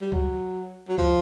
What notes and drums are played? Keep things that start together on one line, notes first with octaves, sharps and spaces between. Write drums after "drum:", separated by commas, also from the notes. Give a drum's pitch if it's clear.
G3
F#3, drum: kick C#2
F#3
F3, drum: kick C#2